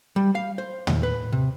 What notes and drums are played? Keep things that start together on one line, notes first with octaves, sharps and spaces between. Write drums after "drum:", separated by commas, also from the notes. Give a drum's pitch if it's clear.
G3
F5
C5
D#2, drum: tom
B4
C3